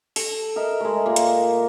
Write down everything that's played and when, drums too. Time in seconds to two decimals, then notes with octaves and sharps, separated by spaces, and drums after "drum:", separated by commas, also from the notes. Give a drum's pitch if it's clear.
0.16 A4, drum: open hi-hat
0.56 A#4 D#5 E5
0.80 G#3 A3
1.06 A#2 A#3
1.16 drum: hi-hat